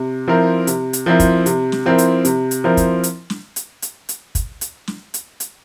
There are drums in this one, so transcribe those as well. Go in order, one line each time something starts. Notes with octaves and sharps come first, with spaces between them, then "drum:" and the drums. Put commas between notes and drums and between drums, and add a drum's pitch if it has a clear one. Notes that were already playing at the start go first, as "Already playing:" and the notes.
Already playing: C3
F3 C4 E4 A#4
C3, drum: hi-hat
drum: hi-hat
F3 C4 E4 A#4
drum: kick, hi-hat
C3, drum: hi-hat
drum: snare
F3 C4 E4 A#4
drum: hi-hat
C3, drum: hi-hat
drum: hi-hat
F3 C4 E4 A#4
drum: kick, hi-hat
drum: hi-hat
drum: snare
drum: hi-hat
drum: hi-hat
drum: hi-hat
drum: kick, hi-hat
drum: hi-hat
drum: snare
drum: hi-hat
drum: hi-hat